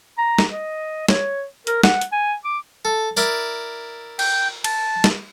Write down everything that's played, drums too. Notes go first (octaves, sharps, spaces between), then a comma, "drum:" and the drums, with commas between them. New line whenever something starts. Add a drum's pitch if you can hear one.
A#5
drum: snare
D#5
C#5, drum: snare
A#4, drum: hi-hat
F#5, drum: snare
drum: hi-hat
G#5
D6
A4
E4 A#4 D5, drum: tambourine
G5, drum: cymbal
A5, drum: cymbal
drum: snare